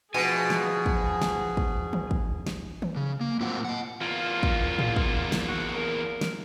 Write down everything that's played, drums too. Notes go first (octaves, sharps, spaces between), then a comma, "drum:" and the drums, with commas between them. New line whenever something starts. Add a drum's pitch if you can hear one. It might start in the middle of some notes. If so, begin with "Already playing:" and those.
B2 F3 G#4 G#5
drum: snare
drum: kick
drum: snare
drum: kick
drum: tom D#3
drum: kick
drum: snare
drum: tom D#3
C#3
A#3
A2 F#3 A#3 C4 F4 F#5
D#5 F#5
E2 A#3 F4
drum: kick
drum: tom A2
drum: kick
drum: snare
F#4
A#4
drum: snare